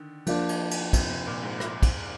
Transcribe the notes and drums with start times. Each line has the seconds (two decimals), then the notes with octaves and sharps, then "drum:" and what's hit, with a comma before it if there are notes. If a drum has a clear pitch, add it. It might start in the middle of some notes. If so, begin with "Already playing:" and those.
Already playing: D3 D#3
0.26 F3 A#3 D4 F4, drum: cymbal
0.49 drum: cymbal
0.71 drum: cymbal
0.93 C3, drum: kick, cymbal
1.10 C3
1.27 A#2
1.43 G#2
1.60 drum: rim click
1.83 drum: kick, cymbal